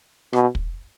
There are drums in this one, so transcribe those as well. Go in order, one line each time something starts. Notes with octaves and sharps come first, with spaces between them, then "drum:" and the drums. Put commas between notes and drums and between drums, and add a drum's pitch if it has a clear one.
B2, drum: rim click
drum: kick